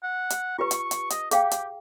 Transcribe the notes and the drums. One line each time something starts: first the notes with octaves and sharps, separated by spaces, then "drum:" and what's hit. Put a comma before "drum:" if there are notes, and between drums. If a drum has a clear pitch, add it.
F#5
drum: hi-hat
F4 G4 B4 C#6
drum: hi-hat
drum: hi-hat
D#5, drum: hi-hat
G4 G#4 F5 G5, drum: hi-hat
drum: hi-hat